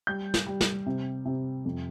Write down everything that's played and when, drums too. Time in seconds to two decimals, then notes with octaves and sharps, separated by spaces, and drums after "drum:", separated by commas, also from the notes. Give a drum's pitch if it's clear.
0.07 G3 G6
0.34 drum: snare
0.46 G3
0.61 drum: snare
0.86 C3
1.25 C3
1.65 F2